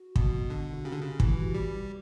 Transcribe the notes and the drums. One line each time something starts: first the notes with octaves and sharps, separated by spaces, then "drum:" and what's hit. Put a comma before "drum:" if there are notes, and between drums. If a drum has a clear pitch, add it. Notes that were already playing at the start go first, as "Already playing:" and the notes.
Already playing: F#4
B2, drum: kick
D3
F#4
C#3 G4
D3
C#3
E3, drum: kick
G3